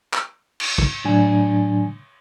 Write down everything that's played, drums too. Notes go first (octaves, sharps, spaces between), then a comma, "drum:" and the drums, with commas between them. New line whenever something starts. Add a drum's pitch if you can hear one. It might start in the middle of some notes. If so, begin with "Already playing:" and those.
drum: clap
drum: cymbal
drum: kick
A2 F#3 D4 G#5